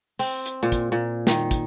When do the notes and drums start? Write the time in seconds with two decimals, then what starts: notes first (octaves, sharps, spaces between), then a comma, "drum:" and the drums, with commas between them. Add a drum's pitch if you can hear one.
0.19 C4, drum: open hi-hat
0.46 drum: hi-hat
0.63 A#2
0.72 drum: kick, hi-hat
0.92 A#2
1.27 D#3, drum: snare
1.51 drum: kick, hi-hat